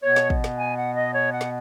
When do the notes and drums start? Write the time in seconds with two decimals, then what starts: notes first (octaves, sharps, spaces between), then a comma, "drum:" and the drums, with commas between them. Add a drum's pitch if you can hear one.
0.02 B2 B3 C#5
0.16 drum: snare
0.30 drum: kick
0.44 drum: snare
0.57 G#5
0.77 F#5
0.94 D#5
1.13 C#5
1.32 F#5
1.41 drum: snare